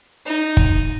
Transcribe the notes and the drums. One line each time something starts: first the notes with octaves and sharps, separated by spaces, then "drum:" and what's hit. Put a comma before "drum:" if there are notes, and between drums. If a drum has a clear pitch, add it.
D#4
drum: kick